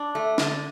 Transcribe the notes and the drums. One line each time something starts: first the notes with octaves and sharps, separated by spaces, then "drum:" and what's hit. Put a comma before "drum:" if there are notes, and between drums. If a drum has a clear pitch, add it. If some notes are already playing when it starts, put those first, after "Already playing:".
Already playing: D4
A3
D3, drum: snare